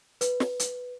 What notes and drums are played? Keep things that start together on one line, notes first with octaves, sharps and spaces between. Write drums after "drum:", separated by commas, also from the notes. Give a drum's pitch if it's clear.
B4, drum: hi-hat
drum: snare
drum: hi-hat